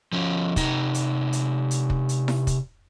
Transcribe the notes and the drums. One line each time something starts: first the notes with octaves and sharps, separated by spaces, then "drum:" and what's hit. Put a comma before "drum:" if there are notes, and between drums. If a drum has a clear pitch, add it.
F3 C#4
C3 D#4, drum: kick, hi-hat
drum: hi-hat
drum: hi-hat
drum: hi-hat
drum: kick
drum: hi-hat
drum: snare E4
drum: kick, hi-hat